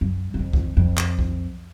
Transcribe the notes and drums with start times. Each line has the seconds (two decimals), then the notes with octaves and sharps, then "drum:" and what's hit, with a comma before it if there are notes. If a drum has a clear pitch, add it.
0.01 F#2
0.34 F#2
0.39 F2
0.53 drum: kick C2
0.77 F2
0.97 drum: clap
1.19 drum: kick C2